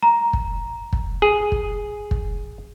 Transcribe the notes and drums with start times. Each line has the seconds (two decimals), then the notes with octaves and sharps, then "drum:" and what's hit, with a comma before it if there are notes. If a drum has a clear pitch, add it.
0.03 A#5
0.33 drum: kick
0.93 drum: kick
1.22 G#4
1.52 drum: kick
2.11 drum: kick